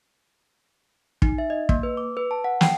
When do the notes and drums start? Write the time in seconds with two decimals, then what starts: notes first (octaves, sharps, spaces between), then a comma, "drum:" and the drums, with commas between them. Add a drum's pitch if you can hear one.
1.22 D#4, drum: kick
1.38 E5
1.50 D#5
1.69 A#3, drum: kick
1.83 B4
1.97 D6
2.17 B4
2.31 A5
2.44 F#5
2.61 G5, drum: snare